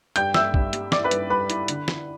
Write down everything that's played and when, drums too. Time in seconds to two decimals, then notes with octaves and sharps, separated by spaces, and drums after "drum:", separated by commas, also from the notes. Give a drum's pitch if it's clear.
0.16 G2 G5 G6, drum: hi-hat
0.34 G2 E5 E6, drum: snare
0.54 G2, drum: kick
0.73 G3, drum: hi-hat
0.92 E4 D5 D6, drum: snare
1.04 B4 B5
1.11 G2, drum: hi-hat
1.30 G2 B4 B5
1.50 E4, drum: hi-hat
1.68 D3, drum: hi-hat
1.88 E4, drum: snare